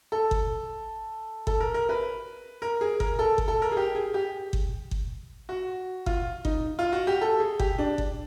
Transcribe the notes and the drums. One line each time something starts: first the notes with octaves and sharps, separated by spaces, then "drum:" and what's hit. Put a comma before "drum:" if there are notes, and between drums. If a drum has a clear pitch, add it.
A4
drum: kick G1
A4, drum: kick G1
A#4
A#4
B4
A#4
G#4
A#4, drum: kick G1
A4
drum: kick G1
A4
A#4
G#4
G4
G#4
G4
drum: kick G1
drum: kick G1
F#4
F4, drum: kick G1
D#4, drum: kick G1
F4
F#4
G4
A4
G#4
G4, drum: kick G1
D4
drum: kick G1